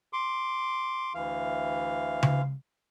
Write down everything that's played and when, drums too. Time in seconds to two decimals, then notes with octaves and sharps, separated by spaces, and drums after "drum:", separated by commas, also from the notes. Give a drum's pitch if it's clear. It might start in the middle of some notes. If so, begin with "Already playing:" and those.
0.13 C6 D6
1.14 D2 E3 F5
2.23 drum: tom C#3